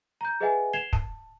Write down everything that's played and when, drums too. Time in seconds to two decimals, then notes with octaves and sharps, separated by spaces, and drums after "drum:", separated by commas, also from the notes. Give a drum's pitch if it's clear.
0.21 A#5 G6
0.40 G#4 B4 D#5 E5 F#5 G#5
0.73 G#6 C7 E7 F7 G7
0.93 A5, drum: kick